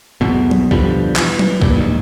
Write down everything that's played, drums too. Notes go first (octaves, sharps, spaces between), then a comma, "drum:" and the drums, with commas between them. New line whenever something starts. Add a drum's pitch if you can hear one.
B1 E2 B2
drum: tom F#3
B2 D3 F3 G3, drum: kick C2
E3, drum: clap
drum: tom F#3
G2 A#2, drum: kick C2
E1 A#1 D#2